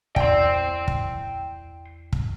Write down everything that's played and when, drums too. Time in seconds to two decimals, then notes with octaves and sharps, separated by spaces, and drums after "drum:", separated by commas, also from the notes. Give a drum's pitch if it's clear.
0.16 E2 D5 G5 C6, drum: kick
0.88 drum: kick
2.13 drum: kick